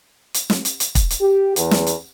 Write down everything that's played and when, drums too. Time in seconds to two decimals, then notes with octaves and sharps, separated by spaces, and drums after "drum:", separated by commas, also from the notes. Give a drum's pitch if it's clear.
0.34 drum: hi-hat
0.50 drum: snare
0.65 drum: hi-hat
0.80 drum: hi-hat
0.95 drum: kick, hi-hat
1.10 drum: hi-hat
1.21 G4
1.56 E2, drum: hi-hat
1.71 drum: snare
1.87 drum: hi-hat